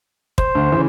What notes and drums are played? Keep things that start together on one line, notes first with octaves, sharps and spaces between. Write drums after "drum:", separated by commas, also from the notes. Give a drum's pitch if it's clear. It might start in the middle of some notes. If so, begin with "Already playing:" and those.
C5, drum: kick
D2
C#3 E3